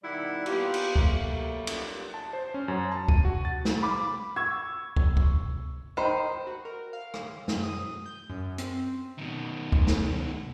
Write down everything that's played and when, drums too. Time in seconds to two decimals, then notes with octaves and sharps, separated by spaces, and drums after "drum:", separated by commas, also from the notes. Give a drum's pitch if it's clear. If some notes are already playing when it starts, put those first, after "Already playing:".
0.04 B2 D#3 G3 E4 D5 F#5
0.46 A#3 B3 F4 G4, drum: cymbal
0.74 drum: cymbal
0.96 F#3 G3 A3 A#3, drum: kick
1.67 drum: cymbal
2.14 A5
2.33 C5
2.54 C#4
2.68 F#2
2.91 A5
3.08 D#7, drum: kick
3.25 F#4
3.45 A6
3.65 drum: snare
3.83 B5 D6
4.36 C#6 E6 G#6
4.96 drum: kick
5.17 drum: kick
5.97 D#3 C5 B5
6.47 F#4
6.65 A#4
6.93 F5
7.14 drum: rim click
7.48 F#2, drum: snare
7.63 D#6
8.06 G6
8.30 F#2
8.58 C4, drum: hi-hat
9.18 B2 D#3
9.72 drum: kick
9.87 drum: snare